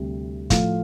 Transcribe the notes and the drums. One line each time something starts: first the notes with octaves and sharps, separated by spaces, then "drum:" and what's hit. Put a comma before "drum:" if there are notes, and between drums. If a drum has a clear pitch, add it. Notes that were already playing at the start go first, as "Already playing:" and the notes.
Already playing: D2 C3 G3
A2 F3 A3 F5, drum: kick, hi-hat